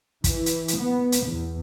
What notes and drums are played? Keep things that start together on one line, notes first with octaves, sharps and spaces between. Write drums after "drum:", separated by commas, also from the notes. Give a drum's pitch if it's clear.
E3, drum: kick, hi-hat
drum: hi-hat
drum: hi-hat
B3
drum: hi-hat
E2